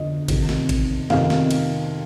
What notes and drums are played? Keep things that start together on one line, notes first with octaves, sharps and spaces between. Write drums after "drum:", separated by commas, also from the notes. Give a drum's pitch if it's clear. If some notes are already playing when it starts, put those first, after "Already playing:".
Already playing: F2 D3 D#5
F2 C3 D#3, drum: kick G#1, cymbal
drum: snare
drum: kick G#1, cymbal
F2 C3 D#3 F5, drum: snare
drum: snare
drum: cymbal